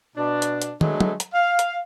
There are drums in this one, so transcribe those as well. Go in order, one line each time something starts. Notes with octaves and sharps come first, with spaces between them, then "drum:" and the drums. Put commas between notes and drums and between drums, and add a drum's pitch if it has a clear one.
B2 D4
drum: hi-hat
drum: hi-hat
D3 F#3 G#3 A3 B3, drum: tom
drum: tom
drum: hi-hat
F5
drum: hi-hat